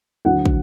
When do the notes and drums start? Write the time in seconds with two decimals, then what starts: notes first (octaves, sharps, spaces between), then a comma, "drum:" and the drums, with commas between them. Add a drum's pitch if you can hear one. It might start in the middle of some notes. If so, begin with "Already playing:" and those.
0.25 D2 D3 F#3 F#5
0.45 drum: kick